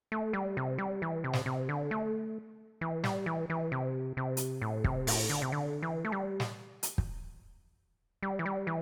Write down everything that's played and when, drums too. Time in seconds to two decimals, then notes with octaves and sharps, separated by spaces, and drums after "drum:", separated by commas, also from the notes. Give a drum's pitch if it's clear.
0.12 A3
0.33 G3
0.57 C3
0.78 G3
1.02 E3
1.24 C3
1.33 drum: snare
1.46 C3
1.69 D3
1.91 A3
2.81 E3
3.04 G3, drum: snare
3.26 E3
3.50 E3
3.72 C3
4.17 C3
4.37 drum: hi-hat
4.62 A2
4.84 C3, drum: kick
5.07 A2, drum: open hi-hat
5.30 D3
5.42 C3
5.52 D3
5.83 E3
6.05 A3
6.12 G3
6.40 drum: snare
6.83 drum: hi-hat
6.98 drum: kick
8.23 G3
8.39 E3
8.46 G3
8.67 E3